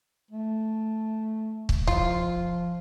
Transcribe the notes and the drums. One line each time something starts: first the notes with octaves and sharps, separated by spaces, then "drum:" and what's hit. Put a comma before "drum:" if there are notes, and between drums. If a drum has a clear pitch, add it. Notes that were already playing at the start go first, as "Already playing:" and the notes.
A3
drum: kick
F3 F4, drum: kick